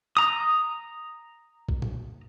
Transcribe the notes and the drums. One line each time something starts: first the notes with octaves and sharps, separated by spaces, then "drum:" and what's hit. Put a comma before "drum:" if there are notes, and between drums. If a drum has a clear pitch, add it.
A#5 D#6
drum: kick
drum: tom A#2